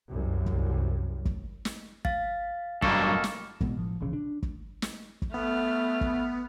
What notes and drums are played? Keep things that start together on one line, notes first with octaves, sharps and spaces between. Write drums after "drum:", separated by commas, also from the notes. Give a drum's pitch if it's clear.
C2 F#2
drum: kick
drum: kick
drum: snare
F5 A6, drum: kick
G2 B2 F#3 A#3 A4 C#6, drum: kick
drum: snare
A1 B2 G#3 B3, drum: kick
A2 F3
E1 A#1 C#3 E3
D4
drum: kick
drum: snare
drum: kick
A3 B3 F6
drum: kick